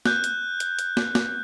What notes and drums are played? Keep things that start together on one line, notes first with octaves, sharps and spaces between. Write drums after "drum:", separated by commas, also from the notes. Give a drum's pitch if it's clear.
F#6 G6, drum: snare
drum: hi-hat
drum: hi-hat
drum: hi-hat
drum: snare
drum: snare